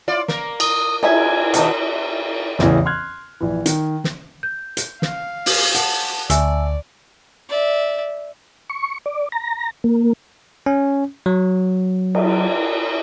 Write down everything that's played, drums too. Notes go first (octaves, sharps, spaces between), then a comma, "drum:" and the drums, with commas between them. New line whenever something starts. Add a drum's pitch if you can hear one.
E4 F4 D5
A#3 A#4, drum: snare
D#6, drum: cymbal
D#4 E4 E5 G#5, drum: cymbal
D#2 B2 E3 D#4, drum: hi-hat
A1 E2 C#3 E3, drum: snare
C6 F6 F#6 G#6
A#1 E3
D#3, drum: hi-hat
drum: snare
G6
drum: hi-hat
F5, drum: snare
drum: open hi-hat
F#5 A5, drum: hi-hat
D2 D5 E5 G#5 E6, drum: hi-hat
D5 E5
C#6
D5
A#5
A#3
C#4
F#3
drum: cymbal